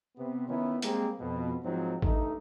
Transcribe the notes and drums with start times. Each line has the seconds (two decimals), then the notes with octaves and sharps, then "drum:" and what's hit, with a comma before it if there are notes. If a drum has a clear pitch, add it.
0.17 C3 B3
0.48 D#3 B3 C#4 D#4 E4
0.82 G3 G#3 A#3 C4 G4, drum: hi-hat
1.19 F2 B2
1.63 G#2 F3 F#3 C4 D#4
2.02 G2 A3 D#4, drum: kick A1